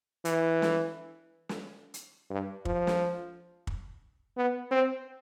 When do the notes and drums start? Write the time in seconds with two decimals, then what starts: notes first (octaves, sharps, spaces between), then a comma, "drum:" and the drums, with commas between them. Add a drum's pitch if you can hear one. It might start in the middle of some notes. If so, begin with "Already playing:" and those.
0.25 E3, drum: hi-hat
0.62 drum: snare
1.49 drum: snare
1.94 drum: hi-hat
2.30 G2
2.65 F3, drum: kick
2.87 drum: snare
3.67 drum: kick
4.37 B3
4.71 C4